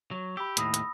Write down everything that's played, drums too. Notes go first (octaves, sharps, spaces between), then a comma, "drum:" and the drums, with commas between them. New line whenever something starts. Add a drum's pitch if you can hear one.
F#3
G4 B5 E6
D#2 A2 B5 D#6 A#6, drum: hi-hat
drum: hi-hat